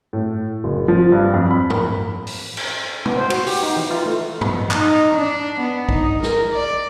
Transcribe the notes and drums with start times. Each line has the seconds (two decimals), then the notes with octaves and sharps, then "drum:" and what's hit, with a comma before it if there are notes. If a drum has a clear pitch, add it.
0.13 A2
0.64 F#1
0.88 F3
1.12 G2
1.34 F2
1.51 B5
1.70 A#4, drum: tom G2
2.27 drum: open hi-hat
2.57 drum: cymbal
3.05 B3, drum: tom
3.17 C5
3.30 F#4, drum: cymbal
3.46 G4, drum: open hi-hat
3.63 D#4
3.77 E3
3.91 F4
4.06 A3
4.41 B2, drum: tom G2
4.71 D#4, drum: clap
5.14 D4
5.60 B3
5.89 D#4, drum: kick A#1
6.22 A#4, drum: snare
6.52 D5